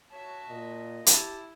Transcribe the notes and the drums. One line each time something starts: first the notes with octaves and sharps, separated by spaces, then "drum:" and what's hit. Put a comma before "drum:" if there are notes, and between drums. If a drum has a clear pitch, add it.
F#4 C#5 E5 A5
A#2 D#5
E4 G4 A5, drum: hi-hat